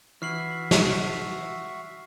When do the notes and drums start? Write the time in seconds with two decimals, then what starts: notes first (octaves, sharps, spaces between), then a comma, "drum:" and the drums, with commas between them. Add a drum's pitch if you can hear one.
0.22 E3 F#4 E5 C#6 F6 C7 F#7
0.71 drum: snare